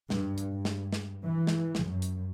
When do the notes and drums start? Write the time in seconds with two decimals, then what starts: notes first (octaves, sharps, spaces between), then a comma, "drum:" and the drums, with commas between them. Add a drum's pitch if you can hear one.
0.10 G2, drum: snare
0.38 drum: hi-hat
0.53 G2
0.65 drum: snare
0.92 drum: snare
1.24 E3
1.47 drum: snare
1.75 drum: snare
1.84 F#2
2.02 drum: hi-hat